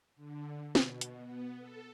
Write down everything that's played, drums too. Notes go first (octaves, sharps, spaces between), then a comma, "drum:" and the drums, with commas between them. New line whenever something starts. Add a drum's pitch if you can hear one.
D3
B2, drum: snare
drum: hi-hat
B3
A4